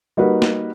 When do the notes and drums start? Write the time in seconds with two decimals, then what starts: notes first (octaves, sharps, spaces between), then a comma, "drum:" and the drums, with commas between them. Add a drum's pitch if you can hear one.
0.17 G3 A#3 D#4 F#4 B4
0.42 drum: snare